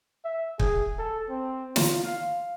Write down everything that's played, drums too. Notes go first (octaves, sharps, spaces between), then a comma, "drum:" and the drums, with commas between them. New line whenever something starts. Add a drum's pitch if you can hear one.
E5
G#4, drum: kick
A4
C4
F4, drum: snare
F5